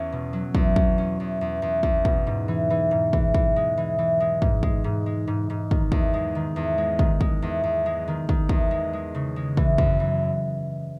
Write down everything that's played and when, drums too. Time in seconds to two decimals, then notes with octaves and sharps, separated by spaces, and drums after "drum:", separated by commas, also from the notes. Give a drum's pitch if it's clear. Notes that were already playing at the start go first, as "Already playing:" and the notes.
Already playing: E2 C#4
0.12 B2
0.33 F#3
0.55 E2, drum: kick
0.76 C#4, drum: kick
0.98 C#4
1.20 E2
1.41 E2
1.62 E2
1.83 E2, drum: kick
2.05 B2, drum: kick
2.27 G#2
2.48 E3
2.70 E3
2.91 G#2
3.13 E3, drum: kick
3.34 E3, drum: kick
3.56 G#3
3.77 E3
3.98 E3
4.20 G#3
4.42 G#2, drum: kick
4.63 G#3, drum: kick
4.84 G#2
5.06 G#3
5.27 G#2
5.50 G#2
5.71 D#3, drum: kick
5.92 E2, drum: kick
6.14 G#3
6.35 D#3
6.56 E2
6.78 G#3
6.99 D#3, drum: kick
7.21 G#3, drum: kick
7.42 E2
7.63 E2
7.86 G#3
8.08 D#3
8.29 D#3, drum: kick
8.49 E2, drum: kick
8.71 G#3
8.93 G#3
9.15 C#3
9.36 G#3
9.57 E3, drum: kick
9.78 F#2, drum: kick
10.00 E3